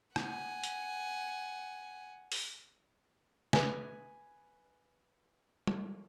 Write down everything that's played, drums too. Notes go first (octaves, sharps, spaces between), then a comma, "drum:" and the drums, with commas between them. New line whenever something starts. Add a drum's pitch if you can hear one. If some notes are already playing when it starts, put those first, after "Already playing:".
F#5 G#5, drum: rim click
drum: hi-hat
drum: open hi-hat
B4 G#5, drum: snare
drum: tom G3